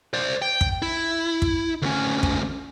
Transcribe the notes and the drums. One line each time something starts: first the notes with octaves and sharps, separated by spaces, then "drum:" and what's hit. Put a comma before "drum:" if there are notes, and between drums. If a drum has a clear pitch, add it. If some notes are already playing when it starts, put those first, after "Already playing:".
C5 D5
G5
drum: kick
E4
drum: kick
D2 C#4
drum: kick